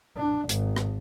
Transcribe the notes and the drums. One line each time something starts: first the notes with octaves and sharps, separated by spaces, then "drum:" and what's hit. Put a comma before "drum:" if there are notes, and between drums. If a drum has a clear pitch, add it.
D4
G#1, drum: hi-hat
drum: rim click